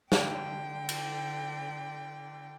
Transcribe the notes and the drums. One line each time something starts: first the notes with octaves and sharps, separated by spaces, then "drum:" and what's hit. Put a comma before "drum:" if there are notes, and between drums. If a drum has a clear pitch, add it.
D3 G5, drum: snare
drum: cymbal